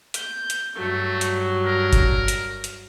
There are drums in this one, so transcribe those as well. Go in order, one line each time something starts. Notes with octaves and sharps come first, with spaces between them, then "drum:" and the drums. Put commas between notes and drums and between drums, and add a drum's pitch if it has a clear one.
G6, drum: hi-hat
drum: hi-hat
G2 F#3 A3
drum: hi-hat
A#4
drum: kick F#1, hi-hat
drum: hi-hat
drum: hi-hat